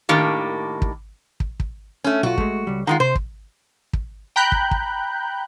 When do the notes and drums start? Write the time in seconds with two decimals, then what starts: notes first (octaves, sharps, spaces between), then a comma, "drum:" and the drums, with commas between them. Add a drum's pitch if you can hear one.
0.09 A2 D#3 A#3 D4 G4
0.82 drum: kick
1.40 drum: kick
1.60 drum: kick
2.04 A3 C#4
2.23 B1 F4 F#4
2.38 G#3 A3, drum: kick
2.67 C#2 G3
2.87 D#3 G#3 F4 F#5 A#5 C6
3.00 C3 C5
3.15 drum: kick
3.93 drum: kick
4.36 G5 A#5 B5 F#6 G6
4.52 drum: kick
4.71 drum: kick